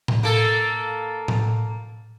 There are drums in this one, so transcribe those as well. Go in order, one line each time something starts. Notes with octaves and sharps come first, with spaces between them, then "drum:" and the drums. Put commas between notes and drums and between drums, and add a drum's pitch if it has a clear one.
drum: tom A2
A#3 A4
drum: tom A2